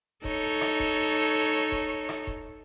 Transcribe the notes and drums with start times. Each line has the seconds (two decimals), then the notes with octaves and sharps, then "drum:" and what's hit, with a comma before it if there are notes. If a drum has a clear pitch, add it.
0.24 D#4 A4 C#5, drum: kick E1
0.61 drum: rim click
0.80 drum: kick E1
1.72 drum: kick E1
2.09 drum: rim click
2.27 drum: kick E1